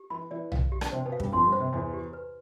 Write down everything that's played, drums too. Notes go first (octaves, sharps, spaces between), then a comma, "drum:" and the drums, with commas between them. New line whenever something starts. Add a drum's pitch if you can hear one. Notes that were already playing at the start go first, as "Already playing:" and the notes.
Already playing: G4
E3 E4 B5
E3 E4 D5
F5, drum: tom
G4
D4, drum: rim click
C3 C4 C5
B2 B3
F5
G2 G3, drum: kick
F2 F3 C6
G2 G3
C5
C3
E2 E3 E4
G4
B4